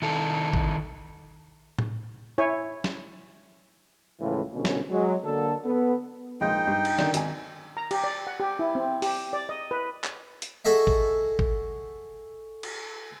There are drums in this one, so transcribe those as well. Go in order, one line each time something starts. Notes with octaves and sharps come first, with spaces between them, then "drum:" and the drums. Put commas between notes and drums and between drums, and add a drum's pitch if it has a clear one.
D#3 E4 A4
drum: kick
drum: tom A2
E4 C#5 G#5
drum: snare
C#2 A2 C#3 E3 F3 F4
C2 B2 D3 C#4
drum: snare
F#3 G#3
D3 A#3 A4
B3 A4
A#1 G#3 D#4 D#5 G5
G2
drum: cymbal
D3 D#3 D5, drum: snare
G#1 G#5, drum: hi-hat
A#5
G4, drum: cymbal
D5
F#5
G4
E4
C4
G4, drum: open hi-hat
D5
D#5
B4
drum: clap
drum: hi-hat
F#4 G#4 A4 D#5 E5
drum: kick
drum: kick
drum: cymbal